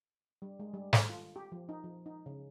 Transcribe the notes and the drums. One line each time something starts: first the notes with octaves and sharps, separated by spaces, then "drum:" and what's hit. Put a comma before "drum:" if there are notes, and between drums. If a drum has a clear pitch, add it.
G3
G#3
G3
A4, drum: snare
F4
G4
F3
D#4
F3
D#4
C#3